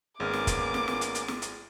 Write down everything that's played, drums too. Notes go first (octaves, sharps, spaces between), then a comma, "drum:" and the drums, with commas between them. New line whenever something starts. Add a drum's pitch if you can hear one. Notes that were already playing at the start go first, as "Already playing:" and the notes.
G#1 A#3 B3 C#4 G#4 D6 F6
drum: snare
drum: kick, hi-hat
drum: snare
drum: snare
drum: hi-hat
drum: hi-hat
drum: snare
drum: hi-hat